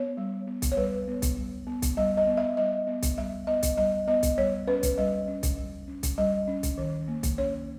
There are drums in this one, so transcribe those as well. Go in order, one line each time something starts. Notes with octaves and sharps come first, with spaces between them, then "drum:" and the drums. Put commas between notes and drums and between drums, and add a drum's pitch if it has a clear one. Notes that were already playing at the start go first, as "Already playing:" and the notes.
Already playing: B3 C#5
G3
B3
drum: kick B1, hi-hat
C#5
G3 B4
B3
drum: kick B1, hi-hat
G3
B3
drum: kick B1, hi-hat
G3 D#5
D#5
B3
E5
G3 D#5
B3
drum: kick B1, hi-hat
G3 E5
B3 D#5
drum: kick B1, hi-hat
G3 D#5
B3 D#5
drum: kick B1, hi-hat
G3 C#5
C#4 B4
drum: kick B1, hi-hat
G3 D#5
C#4
drum: kick B1, hi-hat
G3
C#4
drum: kick B1, hi-hat
G3 D#5
C#4
drum: kick B1, hi-hat
D#3
A#3
drum: kick B1, hi-hat
C#4 C#5